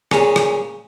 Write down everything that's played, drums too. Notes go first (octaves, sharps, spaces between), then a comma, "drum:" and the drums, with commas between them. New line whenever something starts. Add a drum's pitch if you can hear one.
A#2 C#3, drum: rim click
drum: rim click